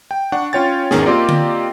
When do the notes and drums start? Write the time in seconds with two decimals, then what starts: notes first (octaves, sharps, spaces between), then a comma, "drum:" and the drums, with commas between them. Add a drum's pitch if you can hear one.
0.11 G5
0.32 D4 F#5 C#6
0.53 C#4 F4 C#5 G5 A6
0.91 G#1 E2 D#3 C#4 G#4, drum: snare
1.06 A#3 C4 F4 G4 D5 D#5
1.29 drum: tom D3